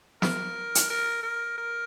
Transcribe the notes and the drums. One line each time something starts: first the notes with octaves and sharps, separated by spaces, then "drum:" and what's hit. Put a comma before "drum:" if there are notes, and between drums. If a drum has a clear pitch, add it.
A#4, drum: snare
drum: hi-hat
A#4
A#4
A#4